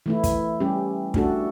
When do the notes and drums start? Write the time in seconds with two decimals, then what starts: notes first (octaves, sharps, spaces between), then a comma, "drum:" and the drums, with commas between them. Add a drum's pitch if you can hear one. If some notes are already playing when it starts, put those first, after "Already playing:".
0.06 E3 A3 E4
0.24 drum: kick, hi-hat
0.60 G3 C#4 G4
1.14 A3 D4 F#4 A4, drum: kick